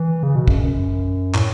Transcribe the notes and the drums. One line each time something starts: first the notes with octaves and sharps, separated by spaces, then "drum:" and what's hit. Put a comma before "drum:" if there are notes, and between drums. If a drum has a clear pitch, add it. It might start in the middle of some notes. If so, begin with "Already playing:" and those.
Already playing: E3
C#3
B2
F#2, drum: kick
F#2
A2, drum: clap